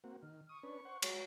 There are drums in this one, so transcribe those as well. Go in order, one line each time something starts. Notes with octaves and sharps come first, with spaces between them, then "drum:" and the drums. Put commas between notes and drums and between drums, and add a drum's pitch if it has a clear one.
A#3 C4 F#4
D#3 F6
C#6 D#6
C#4 D4 B4
C5 F#5
F#3 G#3, drum: cymbal